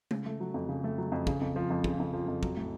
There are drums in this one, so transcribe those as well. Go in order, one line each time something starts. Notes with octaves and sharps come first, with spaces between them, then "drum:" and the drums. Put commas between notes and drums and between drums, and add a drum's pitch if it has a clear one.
C#3, drum: tom G#3
A3
F#3
F2
C#3
A3
F#3
F2
C#3, drum: kick
F2
F3
F2
C#3, drum: kick
F2
F3
F2
F#3, drum: kick
A2